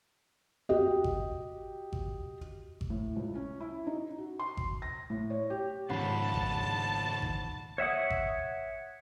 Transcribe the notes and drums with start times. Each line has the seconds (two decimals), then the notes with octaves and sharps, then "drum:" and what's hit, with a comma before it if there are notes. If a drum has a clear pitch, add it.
0.69 F#4 G4 D#5
1.04 drum: kick G#1
1.93 drum: kick G#1
2.81 drum: kick G#1
2.90 A2
3.16 C#2
3.35 C#4
3.60 E4
3.87 D#4
4.18 F#4
4.39 C6
4.57 drum: kick G#1
4.82 A#6
5.10 A2
5.30 C#5
5.50 G4
5.90 C#2 G#2 D#3 F3 C#4 F#5 A5 B5
6.34 drum: kick G#1
7.22 drum: kick G#1
7.78 C#5 E5 F#5 D#6
8.10 drum: kick G#1